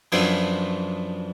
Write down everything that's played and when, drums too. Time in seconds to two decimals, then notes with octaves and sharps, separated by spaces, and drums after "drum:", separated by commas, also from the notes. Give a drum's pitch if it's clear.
0.12 F#2 F3 B3 D4 F4, drum: cymbal